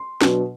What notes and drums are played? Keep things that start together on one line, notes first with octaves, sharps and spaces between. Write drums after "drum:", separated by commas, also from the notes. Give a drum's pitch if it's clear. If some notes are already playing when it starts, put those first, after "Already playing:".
Already playing: C6
B2 F#3 B3 D4, drum: snare